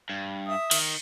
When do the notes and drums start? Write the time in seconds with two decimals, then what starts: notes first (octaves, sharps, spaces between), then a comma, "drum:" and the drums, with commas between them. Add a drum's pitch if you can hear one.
0.10 G2
0.47 E5 D#6
0.71 D#3, drum: cymbal